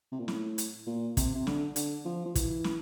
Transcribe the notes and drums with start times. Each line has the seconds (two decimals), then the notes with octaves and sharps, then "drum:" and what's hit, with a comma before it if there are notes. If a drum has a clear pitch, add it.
0.12 C3
0.20 A#2
0.28 A2, drum: snare
0.58 drum: hi-hat
0.87 A#2
1.17 C3, drum: kick, hi-hat
1.35 C3
1.47 D3, drum: snare
1.76 D3, drum: hi-hat
2.05 F3
2.26 F3
2.35 E3, drum: kick, hi-hat
2.64 drum: snare